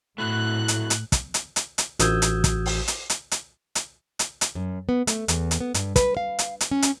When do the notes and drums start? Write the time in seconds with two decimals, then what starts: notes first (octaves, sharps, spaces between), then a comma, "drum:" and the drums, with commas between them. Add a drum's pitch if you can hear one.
0.18 A2 A3 E4 F#4 F#6
0.68 drum: hi-hat
0.90 drum: hi-hat
1.12 drum: kick, hi-hat
1.34 drum: hi-hat
1.56 drum: hi-hat
1.78 drum: hi-hat
1.99 A1 F#4 D#6 E6 G6 G#6, drum: hi-hat
2.22 drum: hi-hat
2.44 drum: kick, hi-hat
2.66 drum: open hi-hat
2.88 drum: hi-hat
3.10 drum: hi-hat
3.31 drum: hi-hat
3.75 drum: hi-hat
4.19 drum: hi-hat
4.41 drum: hi-hat
4.55 F#2
4.89 B3
5.07 A3, drum: hi-hat
5.28 E2, drum: hi-hat
5.51 drum: hi-hat
5.60 B3
5.74 G2, drum: hi-hat
5.96 B4, drum: kick, hi-hat
6.17 F5
6.39 drum: hi-hat
6.61 drum: hi-hat
6.71 C#4
6.82 drum: hi-hat